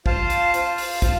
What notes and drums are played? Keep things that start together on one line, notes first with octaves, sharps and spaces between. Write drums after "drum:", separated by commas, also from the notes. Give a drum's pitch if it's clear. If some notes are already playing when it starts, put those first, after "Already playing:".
F4 C5 F5 A5, drum: kick
drum: hi-hat
F4 C5 F5 A5, drum: hi-hat
drum: open hi-hat
F4 C5 F5 A5, drum: kick, hi-hat